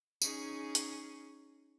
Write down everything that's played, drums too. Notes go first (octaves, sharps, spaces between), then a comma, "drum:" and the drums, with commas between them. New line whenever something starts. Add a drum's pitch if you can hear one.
C#4 D#4 G#4, drum: tambourine
drum: hi-hat